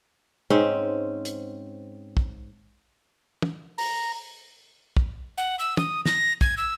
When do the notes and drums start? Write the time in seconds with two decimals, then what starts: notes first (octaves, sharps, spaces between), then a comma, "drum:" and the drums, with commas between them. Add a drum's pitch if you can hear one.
0.50 G#2 C4 C#4
1.25 drum: hi-hat
2.17 drum: kick
3.42 drum: tom
3.78 A#5, drum: open hi-hat
4.97 drum: kick
5.37 F#5
5.59 E6
5.77 D#6, drum: tom
6.06 A#6, drum: snare
6.41 G#6, drum: kick
6.57 E6